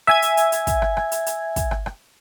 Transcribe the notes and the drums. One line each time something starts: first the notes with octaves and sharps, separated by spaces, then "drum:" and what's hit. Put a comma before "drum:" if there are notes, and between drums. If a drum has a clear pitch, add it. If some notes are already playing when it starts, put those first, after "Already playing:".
E5 G#5 G#6, drum: rim click
drum: hi-hat
drum: hi-hat
drum: hi-hat
drum: kick, hi-hat
drum: rim click
drum: rim click
drum: hi-hat
drum: hi-hat
drum: kick, hi-hat
drum: rim click
drum: rim click